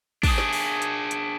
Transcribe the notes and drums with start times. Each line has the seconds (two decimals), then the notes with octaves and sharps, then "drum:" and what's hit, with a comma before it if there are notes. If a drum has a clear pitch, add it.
0.23 D4 G#4, drum: kick, open hi-hat
0.38 drum: snare
0.53 drum: open hi-hat
0.82 drum: hi-hat
1.11 drum: hi-hat